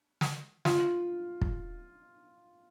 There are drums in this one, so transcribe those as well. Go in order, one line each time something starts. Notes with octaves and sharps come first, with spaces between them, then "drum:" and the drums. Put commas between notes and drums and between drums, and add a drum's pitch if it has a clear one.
drum: snare
F4, drum: snare
drum: kick